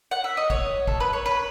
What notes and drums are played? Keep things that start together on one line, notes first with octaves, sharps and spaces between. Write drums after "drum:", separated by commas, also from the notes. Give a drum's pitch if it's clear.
F#5
E5
D#5
C#5, drum: kick
A4, drum: kick
B4
C#5
B4